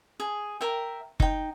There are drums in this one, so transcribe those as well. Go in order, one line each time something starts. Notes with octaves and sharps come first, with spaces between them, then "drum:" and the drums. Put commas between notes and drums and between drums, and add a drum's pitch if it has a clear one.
G#4
A#4 E5 G5
D#4 G5, drum: kick F#1